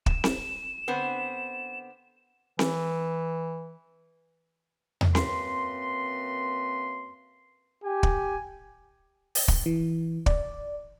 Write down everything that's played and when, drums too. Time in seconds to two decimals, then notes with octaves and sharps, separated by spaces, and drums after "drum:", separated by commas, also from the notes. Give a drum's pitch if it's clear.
0.06 E7, drum: kick
0.24 drum: snare C4
0.88 D3 B3 C4
2.59 E3, drum: snare C4
5.01 drum: tom E2
5.15 F#2 A#3 C4 B4 C6, drum: snare C4
7.84 G4 G#5
8.03 drum: kick
9.35 drum: open hi-hat
9.48 drum: kick
9.66 E3
10.26 D5, drum: kick